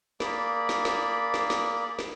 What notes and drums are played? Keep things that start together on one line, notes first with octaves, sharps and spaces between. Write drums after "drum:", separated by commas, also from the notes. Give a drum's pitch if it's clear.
A#3 G#4 D5 B5, drum: snare
drum: snare
drum: snare
drum: snare
drum: snare
drum: snare